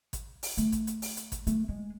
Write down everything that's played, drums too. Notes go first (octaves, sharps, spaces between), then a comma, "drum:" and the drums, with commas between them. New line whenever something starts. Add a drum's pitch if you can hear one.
drum: kick G#1, hi-hat
drum: open hi-hat
A3, drum: hi-hat
drum: kick G#1, hi-hat
drum: hi-hat
drum: open hi-hat
drum: hi-hat
drum: kick G#1, hi-hat
A3, drum: hi-hat
G#3